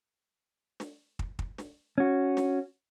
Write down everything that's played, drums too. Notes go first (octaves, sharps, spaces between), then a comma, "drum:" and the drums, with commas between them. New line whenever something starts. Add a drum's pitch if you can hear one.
drum: snare
drum: kick
drum: kick
drum: snare
C#4 F#4
drum: snare